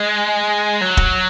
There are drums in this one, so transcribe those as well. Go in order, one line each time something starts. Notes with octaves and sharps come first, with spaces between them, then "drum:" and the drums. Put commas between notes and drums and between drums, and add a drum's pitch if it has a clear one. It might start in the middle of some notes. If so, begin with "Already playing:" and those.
Already playing: G#3
F#3
drum: kick